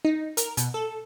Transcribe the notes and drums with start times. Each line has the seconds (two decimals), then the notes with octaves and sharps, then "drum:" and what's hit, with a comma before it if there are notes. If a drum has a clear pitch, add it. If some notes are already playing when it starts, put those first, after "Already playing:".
0.05 D#4
0.37 A#4, drum: hi-hat
0.57 B2, drum: hi-hat
0.74 A4